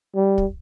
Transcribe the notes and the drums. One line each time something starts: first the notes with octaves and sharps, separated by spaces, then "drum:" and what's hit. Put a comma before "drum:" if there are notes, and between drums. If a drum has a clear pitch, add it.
G3
drum: kick